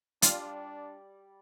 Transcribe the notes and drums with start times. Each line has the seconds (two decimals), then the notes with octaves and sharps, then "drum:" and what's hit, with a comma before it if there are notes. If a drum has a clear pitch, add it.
0.22 G3 D4 F4 D5, drum: hi-hat